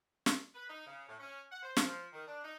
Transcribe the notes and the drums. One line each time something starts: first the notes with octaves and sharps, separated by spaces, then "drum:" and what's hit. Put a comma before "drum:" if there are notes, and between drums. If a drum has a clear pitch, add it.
drum: snare
B4
D#4
C#3
A2
C#4
F#5
C5
F3, drum: snare
D#3
D4
D#4